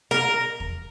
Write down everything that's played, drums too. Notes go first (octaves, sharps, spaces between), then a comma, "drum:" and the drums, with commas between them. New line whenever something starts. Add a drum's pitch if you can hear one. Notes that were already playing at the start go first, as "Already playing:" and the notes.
A#4, drum: rim click
drum: kick